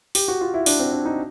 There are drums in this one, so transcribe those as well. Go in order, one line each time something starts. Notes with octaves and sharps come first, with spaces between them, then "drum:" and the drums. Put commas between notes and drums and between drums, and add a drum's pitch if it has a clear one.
G4, drum: open hi-hat
F#4
F4
E4
D4, drum: open hi-hat
C4
D4
D#4